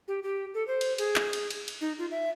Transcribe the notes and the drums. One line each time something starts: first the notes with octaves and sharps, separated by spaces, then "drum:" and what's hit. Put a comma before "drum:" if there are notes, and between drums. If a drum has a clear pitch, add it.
G4
G4
A4
C5
drum: cymbal
G#4, drum: cymbal
drum: clap
drum: cymbal
drum: cymbal
drum: cymbal
D#4
F4
E5